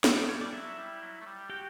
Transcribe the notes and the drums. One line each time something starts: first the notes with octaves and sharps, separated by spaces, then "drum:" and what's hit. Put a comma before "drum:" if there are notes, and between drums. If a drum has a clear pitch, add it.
A3 B3 A4, drum: snare
G3 A3 G4
G3 C#4 C#5
G3 D4 D5
F#3 E4 E5
G3
F#3
A3
G3
F#4 G4 G5